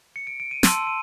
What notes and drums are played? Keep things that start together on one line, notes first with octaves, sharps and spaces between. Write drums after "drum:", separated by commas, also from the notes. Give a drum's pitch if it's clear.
C#7
D7
D7
D#7
A5 C6 E6 D#7, drum: snare
D#7